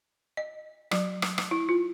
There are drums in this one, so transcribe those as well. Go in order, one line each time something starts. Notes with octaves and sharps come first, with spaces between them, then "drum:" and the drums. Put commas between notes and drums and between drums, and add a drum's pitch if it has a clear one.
D#5
F#3, drum: rim click
drum: rim click
drum: rim click
E4
F4